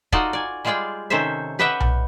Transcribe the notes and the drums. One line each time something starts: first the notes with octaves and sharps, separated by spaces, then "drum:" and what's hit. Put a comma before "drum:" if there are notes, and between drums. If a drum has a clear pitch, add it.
D#4 F4 F#4 A4 D5 D#5, drum: kick
D5 G#5
G3 G#3 F4 G#4 D5 G5
C3 D#3 C#4 A4 C5 E5
G4 B4 D#5 E5 F#5 G5
drum: tom B1